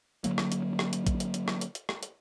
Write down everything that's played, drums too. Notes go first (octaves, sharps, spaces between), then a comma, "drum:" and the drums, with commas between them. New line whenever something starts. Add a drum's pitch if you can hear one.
D3 F#3 A#3, drum: hi-hat
drum: rim click
drum: hi-hat
drum: rim click
drum: hi-hat
drum: kick A1, hi-hat
drum: hi-hat
drum: hi-hat
drum: rim click
drum: hi-hat
drum: hi-hat
drum: rim click
drum: hi-hat